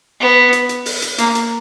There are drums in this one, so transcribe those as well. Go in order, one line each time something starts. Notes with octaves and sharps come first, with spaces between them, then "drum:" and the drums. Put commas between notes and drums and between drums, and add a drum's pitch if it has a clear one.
B3
drum: hi-hat
drum: hi-hat
drum: open hi-hat
drum: hi-hat
A#3, drum: hi-hat
drum: hi-hat